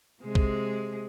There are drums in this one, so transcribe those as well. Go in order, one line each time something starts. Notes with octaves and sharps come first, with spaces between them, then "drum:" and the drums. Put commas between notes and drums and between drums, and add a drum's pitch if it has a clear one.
C3 G#3 G#4
drum: kick